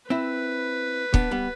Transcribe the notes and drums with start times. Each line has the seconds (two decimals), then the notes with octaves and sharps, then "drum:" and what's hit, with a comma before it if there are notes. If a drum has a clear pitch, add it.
0.10 C4 E4 B4
1.14 B3 D4, drum: kick
1.31 G3 B3